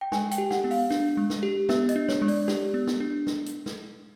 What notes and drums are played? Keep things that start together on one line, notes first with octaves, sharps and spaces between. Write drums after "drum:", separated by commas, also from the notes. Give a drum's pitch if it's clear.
G5
G#3 G#5, drum: snare
G5, drum: hi-hat
G4
F#5, drum: snare
B3
F5, drum: open hi-hat
D4, drum: snare
G#3
drum: snare
G4
B3 E5, drum: snare
D#5, drum: hi-hat
D4
C#5, drum: snare
G#3
D5, drum: open hi-hat
G4, drum: snare
B3
drum: snare
D4
drum: snare
drum: hi-hat
drum: snare